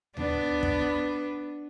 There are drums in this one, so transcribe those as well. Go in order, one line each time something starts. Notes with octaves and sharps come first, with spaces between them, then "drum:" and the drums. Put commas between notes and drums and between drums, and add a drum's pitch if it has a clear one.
B3 D4, drum: tom D2
drum: kick